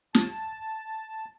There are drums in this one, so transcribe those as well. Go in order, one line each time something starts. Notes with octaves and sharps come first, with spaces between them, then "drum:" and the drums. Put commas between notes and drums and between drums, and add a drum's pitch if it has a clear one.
A5, drum: snare